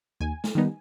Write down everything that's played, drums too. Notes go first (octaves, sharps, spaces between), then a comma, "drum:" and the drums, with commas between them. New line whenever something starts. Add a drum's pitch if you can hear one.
D#2 G#5
drum: snare
D#3 G3 B3 D#4